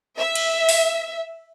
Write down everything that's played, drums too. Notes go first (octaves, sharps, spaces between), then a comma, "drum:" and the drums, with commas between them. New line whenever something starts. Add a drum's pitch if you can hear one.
E5
drum: cymbal
drum: open hi-hat